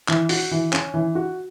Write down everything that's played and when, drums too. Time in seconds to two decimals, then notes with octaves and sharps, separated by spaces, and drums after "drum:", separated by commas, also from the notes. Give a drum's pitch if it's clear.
0.08 E3, drum: clap
0.29 F#4, drum: open hi-hat
0.51 E3
0.73 C#4, drum: clap
0.94 E3
1.15 F#4